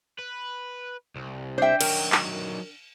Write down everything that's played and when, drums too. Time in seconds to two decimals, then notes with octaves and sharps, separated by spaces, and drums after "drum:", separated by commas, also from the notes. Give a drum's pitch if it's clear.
0.19 B4
1.16 C2
1.58 D4 C5 E5 G5
1.81 D#3 F#3 A#4, drum: cymbal
2.12 drum: clap